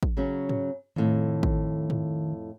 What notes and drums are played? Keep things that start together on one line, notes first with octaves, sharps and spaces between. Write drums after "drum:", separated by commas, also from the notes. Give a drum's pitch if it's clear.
drum: kick
C#3 F#3 C#4
drum: tom
F2 A2 D#3
drum: kick
drum: tom